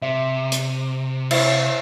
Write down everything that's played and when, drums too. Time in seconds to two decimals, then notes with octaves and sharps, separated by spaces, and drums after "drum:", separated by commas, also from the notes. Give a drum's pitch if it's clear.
0.02 C3 E5
0.52 drum: hi-hat
1.31 E4, drum: cymbal